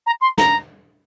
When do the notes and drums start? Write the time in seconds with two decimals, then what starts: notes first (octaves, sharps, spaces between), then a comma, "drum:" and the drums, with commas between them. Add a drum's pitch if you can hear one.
0.06 A#5
0.21 C6
0.38 A#5, drum: snare